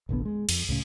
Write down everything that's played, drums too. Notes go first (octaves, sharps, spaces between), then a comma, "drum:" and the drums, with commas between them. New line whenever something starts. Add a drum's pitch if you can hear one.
F1 A#1 D3 B3
G#3
F2, drum: cymbal
C#2 A2 C#3